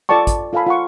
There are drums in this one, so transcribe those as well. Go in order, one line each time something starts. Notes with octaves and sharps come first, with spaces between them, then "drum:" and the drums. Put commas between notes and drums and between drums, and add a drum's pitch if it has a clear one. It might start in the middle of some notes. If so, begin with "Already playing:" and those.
F4 A4 D5 G5 A5 C#6
drum: kick, hi-hat
F4 A4 F5 G#5 B5
F4 F#5 C#6